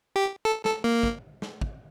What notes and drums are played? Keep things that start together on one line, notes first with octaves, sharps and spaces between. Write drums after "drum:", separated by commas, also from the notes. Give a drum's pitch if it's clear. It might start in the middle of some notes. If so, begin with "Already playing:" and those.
G4
A4
A4, drum: snare
A#3
drum: kick
drum: snare
drum: kick